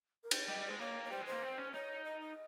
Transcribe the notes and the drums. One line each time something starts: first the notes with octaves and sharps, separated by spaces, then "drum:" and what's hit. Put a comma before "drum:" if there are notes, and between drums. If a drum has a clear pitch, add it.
A#4
C5, drum: cymbal
C#5
G3 D#5
G3
G#3 C5
A#3 C#5
C#5
G3 C5
G#3 C5
A#3
C4
C#4
D#4 C#5
D#5
D#5